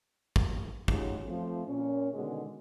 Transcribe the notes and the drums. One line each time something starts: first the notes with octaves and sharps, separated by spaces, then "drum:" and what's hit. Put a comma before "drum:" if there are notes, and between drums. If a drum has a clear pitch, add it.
drum: kick
F#3 G#3 C#4 D#4 F4 G4, drum: kick
F3 A3 C4
A#2 C#4
B2 D3 D#3 G#3